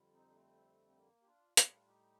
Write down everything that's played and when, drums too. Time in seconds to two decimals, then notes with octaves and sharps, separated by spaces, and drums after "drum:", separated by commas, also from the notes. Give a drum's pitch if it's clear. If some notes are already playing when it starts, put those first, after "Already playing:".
Already playing: F2 D3 G3
0.14 C4 D#4
0.30 D4
0.34 A3 C4
0.89 C4
0.96 A#3
1.22 G4
1.26 D4 F4
1.57 A2 G3 D4 F4, drum: hi-hat
1.88 D#4 G4